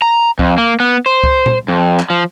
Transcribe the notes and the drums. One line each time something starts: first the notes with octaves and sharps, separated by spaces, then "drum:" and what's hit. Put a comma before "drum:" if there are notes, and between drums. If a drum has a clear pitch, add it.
A#5
F2, drum: kick C#2
A#3
B3
C5
drum: kick C#2
drum: tom A#2
F2
drum: clap
F3